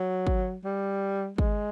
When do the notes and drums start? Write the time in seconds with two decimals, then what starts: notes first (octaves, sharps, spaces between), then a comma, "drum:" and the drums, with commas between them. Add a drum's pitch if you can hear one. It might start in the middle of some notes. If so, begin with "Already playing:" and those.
Already playing: F#3
0.27 drum: kick
0.64 G3
1.38 G#3, drum: kick